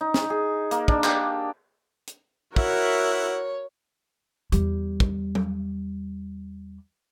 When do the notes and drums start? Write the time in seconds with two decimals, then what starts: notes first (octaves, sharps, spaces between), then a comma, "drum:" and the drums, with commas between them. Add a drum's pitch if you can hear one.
0.01 D#4
0.14 drum: snare
0.30 G#4
0.71 A#3, drum: hi-hat
0.88 D4, drum: kick
1.04 G4, drum: clap
2.07 drum: hi-hat
2.56 E4 F#4 A#4 C#5 E5 F#5, drum: kick
4.52 E2 G3, drum: hi-hat
5.00 drum: kick
5.35 drum: tom